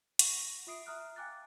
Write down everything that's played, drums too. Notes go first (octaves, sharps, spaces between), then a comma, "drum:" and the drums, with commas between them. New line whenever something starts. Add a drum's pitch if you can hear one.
F#5 C#6 A#6, drum: hi-hat
F4 E5 D#6 C7 D7
E5 A#5 D#6 F6 F#6
F5 G5 G#5 D6 F#6 A6